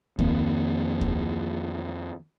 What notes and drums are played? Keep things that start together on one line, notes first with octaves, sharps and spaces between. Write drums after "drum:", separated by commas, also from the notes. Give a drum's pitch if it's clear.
F2 D#3 A#3 C4, drum: kick
drum: kick